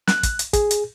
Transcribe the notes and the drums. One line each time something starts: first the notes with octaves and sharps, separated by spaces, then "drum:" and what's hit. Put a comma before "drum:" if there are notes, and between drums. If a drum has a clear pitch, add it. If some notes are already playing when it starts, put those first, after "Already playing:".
F#6, drum: snare
drum: kick, hi-hat
drum: hi-hat
G#4, drum: kick, hi-hat
drum: hi-hat